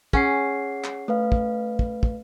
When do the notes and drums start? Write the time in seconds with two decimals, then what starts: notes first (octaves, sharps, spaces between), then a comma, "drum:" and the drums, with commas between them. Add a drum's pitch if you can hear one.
0.13 C#4 G#4 F#5 C7, drum: kick
0.84 drum: clap
1.08 A3 B4 F5
1.32 drum: kick
1.79 drum: kick
2.03 drum: kick